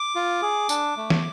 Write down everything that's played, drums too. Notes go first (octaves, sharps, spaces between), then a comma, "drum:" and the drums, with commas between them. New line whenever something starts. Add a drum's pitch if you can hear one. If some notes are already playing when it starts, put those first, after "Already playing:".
Already playing: D6
F4
G#4
D4, drum: tambourine
A3
drum: snare